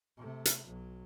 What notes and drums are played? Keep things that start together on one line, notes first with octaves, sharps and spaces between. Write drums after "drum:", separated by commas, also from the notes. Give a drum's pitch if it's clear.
C3 A3
drum: hi-hat
B1 F#3